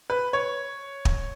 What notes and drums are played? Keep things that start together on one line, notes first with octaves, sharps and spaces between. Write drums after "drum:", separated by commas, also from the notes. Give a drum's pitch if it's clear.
B4
C#5
drum: kick